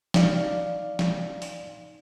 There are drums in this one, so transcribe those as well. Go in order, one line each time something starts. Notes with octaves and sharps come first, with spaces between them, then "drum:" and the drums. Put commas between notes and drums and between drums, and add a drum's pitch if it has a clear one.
D#4 D5 F5, drum: snare
drum: snare
drum: open hi-hat